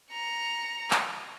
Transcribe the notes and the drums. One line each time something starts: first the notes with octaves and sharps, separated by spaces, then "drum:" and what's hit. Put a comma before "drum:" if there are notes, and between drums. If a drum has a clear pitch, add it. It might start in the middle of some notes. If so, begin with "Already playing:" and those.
A#5 C#7
drum: clap